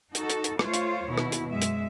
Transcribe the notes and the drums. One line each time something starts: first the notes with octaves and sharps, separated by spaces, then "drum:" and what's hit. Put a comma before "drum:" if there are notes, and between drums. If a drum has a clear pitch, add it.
D#4 F#4 A4, drum: hi-hat
drum: hi-hat
drum: hi-hat
A3 F4 C5 C#5, drum: rim click
drum: hi-hat
D#2 B2 E4
drum: rim click
drum: hi-hat
F#2 G#3 E5
drum: hi-hat